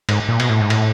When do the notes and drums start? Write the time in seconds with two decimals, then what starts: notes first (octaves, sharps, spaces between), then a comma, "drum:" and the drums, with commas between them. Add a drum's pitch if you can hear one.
0.09 G#2, drum: cymbal
0.29 A#2
0.40 B2, drum: cymbal
0.49 A2
0.60 G#2
0.70 A2, drum: cymbal